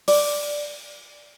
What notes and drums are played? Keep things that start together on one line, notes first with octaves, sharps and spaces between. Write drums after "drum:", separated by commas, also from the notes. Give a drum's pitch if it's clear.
D5, drum: open hi-hat